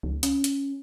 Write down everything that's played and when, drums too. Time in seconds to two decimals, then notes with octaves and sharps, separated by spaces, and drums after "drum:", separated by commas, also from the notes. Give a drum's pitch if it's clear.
0.03 C#2
0.23 C#4, drum: hi-hat
0.44 drum: hi-hat